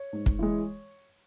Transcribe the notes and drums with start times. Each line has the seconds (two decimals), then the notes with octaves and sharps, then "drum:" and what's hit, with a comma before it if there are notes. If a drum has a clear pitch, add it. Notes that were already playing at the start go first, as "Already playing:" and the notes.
Already playing: C#5
0.13 G#2
0.26 drum: kick
0.39 E3 G#3